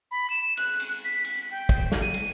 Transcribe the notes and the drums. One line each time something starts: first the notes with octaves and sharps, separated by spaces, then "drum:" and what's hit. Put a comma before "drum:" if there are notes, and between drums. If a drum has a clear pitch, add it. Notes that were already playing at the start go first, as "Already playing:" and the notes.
B5
E7
F#6, drum: cymbal
drum: cymbal
B6
drum: cymbal
G5
drum: kick, cymbal
drum: snare
D#7
drum: cymbal